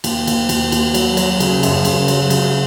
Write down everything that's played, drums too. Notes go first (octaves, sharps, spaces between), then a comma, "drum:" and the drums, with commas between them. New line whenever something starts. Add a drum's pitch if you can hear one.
D#2, drum: cymbal
D#2, drum: cymbal
D#2, drum: cymbal
D#2, drum: cymbal
F#3, drum: cymbal
F#3, drum: cymbal
C#3, drum: cymbal
F#2, drum: cymbal
C#3, drum: cymbal
F#3, drum: cymbal
C#3, drum: cymbal